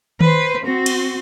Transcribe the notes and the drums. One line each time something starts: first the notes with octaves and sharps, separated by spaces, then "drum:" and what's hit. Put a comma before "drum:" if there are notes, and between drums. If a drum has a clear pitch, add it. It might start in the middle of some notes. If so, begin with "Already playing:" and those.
B4 C5, drum: tom D#3
C4 F#4
drum: cymbal